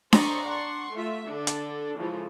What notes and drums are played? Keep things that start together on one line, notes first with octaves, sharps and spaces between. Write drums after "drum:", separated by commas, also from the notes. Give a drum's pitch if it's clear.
C5 D5 D#5 A#5 C6 C#6, drum: snare D4
D4 F#5 C6 C#6
A3 F4 F#4 E5
D3 D4 A4
drum: hi-hat
C#3 E3 F3 G#3 A4